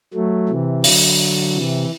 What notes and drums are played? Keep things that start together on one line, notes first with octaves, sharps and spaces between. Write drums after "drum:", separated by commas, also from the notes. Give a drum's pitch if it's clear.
F#3 A3
C3 E3
D3 F#3, drum: open hi-hat
C3 E3